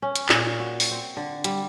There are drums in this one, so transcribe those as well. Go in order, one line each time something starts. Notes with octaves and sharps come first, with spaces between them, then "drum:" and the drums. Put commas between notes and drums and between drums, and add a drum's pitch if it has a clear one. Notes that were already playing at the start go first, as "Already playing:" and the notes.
C#4
drum: hi-hat
A#2, drum: clap
F#4
drum: open hi-hat
C4
D3
G3, drum: hi-hat